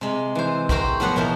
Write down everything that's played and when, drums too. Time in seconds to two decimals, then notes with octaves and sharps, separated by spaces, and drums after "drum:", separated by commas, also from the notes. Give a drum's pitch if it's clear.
0.01 C3 G#3
0.35 E3 C5
0.69 C4 F#4 G4 A#4 C5, drum: kick
1.00 F3 F#3 B3 F#5 C6
1.16 B2 E3 F3 A#4